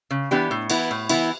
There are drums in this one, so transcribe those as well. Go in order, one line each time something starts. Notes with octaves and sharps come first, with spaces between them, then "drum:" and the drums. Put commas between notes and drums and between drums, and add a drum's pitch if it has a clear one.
C#3
E3 B3 D4 G4
A2
E3 B3 E4, drum: cymbal
A2
E3 B3 E4, drum: cymbal